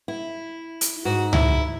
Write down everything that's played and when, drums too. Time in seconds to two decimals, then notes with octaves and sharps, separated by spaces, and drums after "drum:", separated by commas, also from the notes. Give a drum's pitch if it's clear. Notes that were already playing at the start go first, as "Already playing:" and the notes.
0.08 E4
0.81 drum: hi-hat
1.05 G#2 F#4
1.33 E4, drum: tom C#2